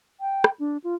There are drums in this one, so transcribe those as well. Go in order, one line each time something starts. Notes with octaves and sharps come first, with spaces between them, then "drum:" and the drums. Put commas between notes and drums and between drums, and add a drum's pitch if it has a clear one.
G5
drum: rim click
D4
F4